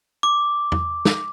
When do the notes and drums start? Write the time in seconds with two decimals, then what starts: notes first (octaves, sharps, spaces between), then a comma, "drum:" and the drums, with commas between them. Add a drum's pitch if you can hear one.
0.23 D6
0.72 drum: tom
1.05 drum: snare